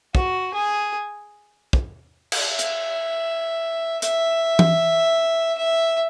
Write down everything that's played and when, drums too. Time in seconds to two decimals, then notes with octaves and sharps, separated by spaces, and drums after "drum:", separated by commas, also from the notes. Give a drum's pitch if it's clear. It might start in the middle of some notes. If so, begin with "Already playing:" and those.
0.15 F#4, drum: kick
0.54 G#4
1.73 drum: kick
2.32 drum: cymbal
2.48 E5
2.59 drum: hi-hat
4.02 E5, drum: hi-hat
4.59 drum: tom E3
5.58 E5